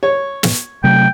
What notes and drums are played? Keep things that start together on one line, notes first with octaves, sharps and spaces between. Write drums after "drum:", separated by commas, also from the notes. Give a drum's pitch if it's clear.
C#5
drum: snare
C3 F#3 A3 G5